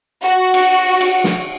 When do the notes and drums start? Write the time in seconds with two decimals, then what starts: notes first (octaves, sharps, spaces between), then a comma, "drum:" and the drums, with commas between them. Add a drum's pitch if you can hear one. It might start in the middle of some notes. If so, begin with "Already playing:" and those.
0.22 F#4
0.54 drum: cymbal
1.01 drum: cymbal
1.24 drum: snare